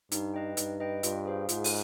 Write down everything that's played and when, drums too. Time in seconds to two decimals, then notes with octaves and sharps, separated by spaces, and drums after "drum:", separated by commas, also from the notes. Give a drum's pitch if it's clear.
0.11 G2 D#4, drum: hi-hat
0.34 B4 D#5 G5
0.57 G2 D#4, drum: hi-hat
0.80 B4 D#5 G5
1.03 G2 F4, drum: hi-hat
1.25 G#4 C5 F5
1.49 G#2 F4, drum: hi-hat
1.64 drum: open hi-hat